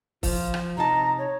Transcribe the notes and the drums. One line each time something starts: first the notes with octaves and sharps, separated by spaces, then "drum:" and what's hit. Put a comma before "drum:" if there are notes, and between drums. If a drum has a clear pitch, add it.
F3 F4, drum: kick, open hi-hat
drum: rim click
C3 D#4 A5 A#5
C#5